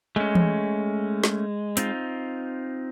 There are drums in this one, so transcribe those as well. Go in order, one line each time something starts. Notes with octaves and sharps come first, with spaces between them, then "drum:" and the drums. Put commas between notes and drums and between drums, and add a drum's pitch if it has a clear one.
G#3 A3 C#4
drum: tom E3
drum: snare
C4 D#4 F4, drum: hi-hat